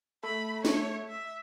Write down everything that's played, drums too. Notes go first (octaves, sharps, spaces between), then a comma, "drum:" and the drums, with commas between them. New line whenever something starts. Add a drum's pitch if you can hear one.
A3 B5
C#5, drum: snare
E5